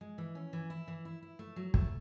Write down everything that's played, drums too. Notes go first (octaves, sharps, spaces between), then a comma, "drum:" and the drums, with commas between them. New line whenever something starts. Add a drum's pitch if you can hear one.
G#3
E3
C#4
E3
E4
E3
E4
E4
A3
F#3
A3, drum: kick